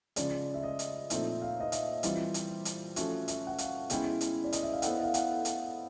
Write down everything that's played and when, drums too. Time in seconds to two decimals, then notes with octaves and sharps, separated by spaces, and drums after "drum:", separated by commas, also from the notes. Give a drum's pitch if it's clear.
0.16 C#3 F3 G#3 D5, drum: hi-hat
0.54 E5
0.63 D#5
0.79 drum: hi-hat
1.10 A#2 F3 A3 C4 D#4 E5, drum: hi-hat
1.42 F5
1.60 D#5
1.72 E5, drum: hi-hat
2.03 E3 G3 C4 F4, drum: hi-hat
2.34 drum: hi-hat
2.65 drum: hi-hat
2.96 F3 A3 C#4 F#4 E5, drum: hi-hat
3.28 E5, drum: hi-hat
3.47 F#5
3.58 F5, drum: hi-hat
3.90 B2 G#3 C#4 E4 G5, drum: hi-hat
4.21 drum: hi-hat
4.44 D5
4.53 D#5, drum: hi-hat
4.63 E5
4.73 F5
4.82 B3 E4 A4 C5 E5 F#5, drum: hi-hat
5.03 F5
5.14 F#5, drum: hi-hat
5.45 drum: hi-hat